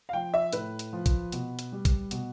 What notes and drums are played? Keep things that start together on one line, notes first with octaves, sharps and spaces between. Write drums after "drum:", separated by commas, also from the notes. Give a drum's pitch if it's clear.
F5
F3 G5
E5
A2 B4, drum: hi-hat
drum: hi-hat
F3
drum: kick, hi-hat
B2, drum: hi-hat
drum: hi-hat
G3
drum: kick, hi-hat
B2, drum: hi-hat